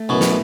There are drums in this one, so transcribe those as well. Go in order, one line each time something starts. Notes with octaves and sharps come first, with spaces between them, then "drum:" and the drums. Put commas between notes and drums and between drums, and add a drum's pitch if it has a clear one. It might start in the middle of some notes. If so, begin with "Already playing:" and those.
Already playing: A3
F#2 B2 E4
drum: snare